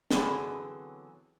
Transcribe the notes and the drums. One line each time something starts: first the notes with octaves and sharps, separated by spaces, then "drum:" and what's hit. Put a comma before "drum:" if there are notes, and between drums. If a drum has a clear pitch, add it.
D3 E3 F#3 B3 C4 G#4, drum: snare